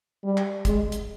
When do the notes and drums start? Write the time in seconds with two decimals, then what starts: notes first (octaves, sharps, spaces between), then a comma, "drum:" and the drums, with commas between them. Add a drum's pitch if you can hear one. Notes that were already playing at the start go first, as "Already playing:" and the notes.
0.24 G3
0.37 drum: clap
0.65 G#3, drum: kick, hi-hat
0.92 drum: hi-hat